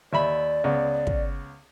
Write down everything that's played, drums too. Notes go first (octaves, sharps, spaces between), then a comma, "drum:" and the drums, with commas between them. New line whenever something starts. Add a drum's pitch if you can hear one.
D#2 D5 E5 B5
C#2 B3
drum: kick